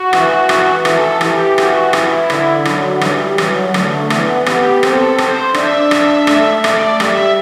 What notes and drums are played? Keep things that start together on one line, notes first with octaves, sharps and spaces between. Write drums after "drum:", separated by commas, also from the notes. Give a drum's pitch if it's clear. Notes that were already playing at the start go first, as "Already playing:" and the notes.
Already playing: F#4
E3, drum: rim click
drum: rim click
E3 A4, drum: rim click
E3 G4, drum: rim click
F#4, drum: rim click
E4, drum: rim click
D3, drum: rim click
D3 F#3, drum: rim click
E3 G3, drum: rim click
E3 F#3, drum: rim click
D3 A3, drum: rim click
E3 B3, drum: rim click
B3 G4, drum: rim click
C4 A4, drum: rim click
C5, drum: rim click
D4 E5, drum: rim click
drum: rim click
A3, drum: rim click
D5, drum: rim click
G3 E5, drum: rim click